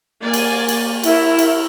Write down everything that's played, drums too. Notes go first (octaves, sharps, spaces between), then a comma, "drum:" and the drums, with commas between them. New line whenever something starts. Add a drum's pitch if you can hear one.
A#3 D5 G#5
drum: cymbal
drum: cymbal
E4 A#4, drum: cymbal
drum: cymbal